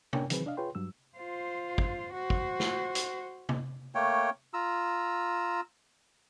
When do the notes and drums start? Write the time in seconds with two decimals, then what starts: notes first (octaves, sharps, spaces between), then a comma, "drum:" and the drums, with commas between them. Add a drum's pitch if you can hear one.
0.13 C#4 D4 A#4 C#5 G5 G#5, drum: tom C3
0.30 D#3 E3 F#3 C4 G#4 B4, drum: hi-hat
0.46 D4 D#5 F5
0.57 F4 G#4 B4 C#5 G5 C6
0.75 G2 F#3 E6
1.17 F4 C5
1.78 drum: kick
2.13 F#4 C5
2.30 drum: kick
2.60 drum: snare
2.95 drum: hi-hat
3.49 drum: tom C3
3.95 A3 A#3 C#5 G5
4.54 F4 A#5 E6